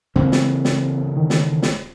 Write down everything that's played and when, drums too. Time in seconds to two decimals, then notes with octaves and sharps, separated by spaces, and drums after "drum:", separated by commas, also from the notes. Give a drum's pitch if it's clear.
0.16 C#3 E3 A#3 C4
0.32 drum: snare
0.65 drum: snare
1.17 D#3
1.30 drum: snare
1.62 drum: snare